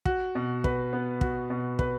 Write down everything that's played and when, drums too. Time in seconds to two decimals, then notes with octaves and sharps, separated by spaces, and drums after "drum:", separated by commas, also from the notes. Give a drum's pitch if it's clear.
0.05 F#4, drum: kick
0.35 B2
0.64 B4, drum: kick
0.93 B3
1.21 F#4, drum: kick
1.50 B2
1.79 B4, drum: kick